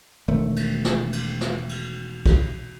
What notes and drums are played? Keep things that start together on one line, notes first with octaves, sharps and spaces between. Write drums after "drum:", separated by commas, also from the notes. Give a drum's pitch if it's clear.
E1 D#3 A3
drum: cymbal
drum: snare
drum: cymbal
drum: snare
drum: cymbal
drum: kick, cymbal